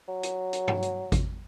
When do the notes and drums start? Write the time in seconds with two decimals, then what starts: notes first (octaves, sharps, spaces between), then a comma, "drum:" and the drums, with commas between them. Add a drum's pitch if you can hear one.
0.08 F#3
0.23 drum: hi-hat
0.53 drum: hi-hat
0.68 drum: tom G2
0.82 drum: hi-hat
1.12 drum: kick G#1, hi-hat